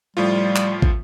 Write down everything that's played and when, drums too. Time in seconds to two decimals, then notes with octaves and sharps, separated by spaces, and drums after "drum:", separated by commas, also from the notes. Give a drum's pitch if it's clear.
0.17 A2 F3 G3 F4
0.56 drum: clap
0.82 drum: kick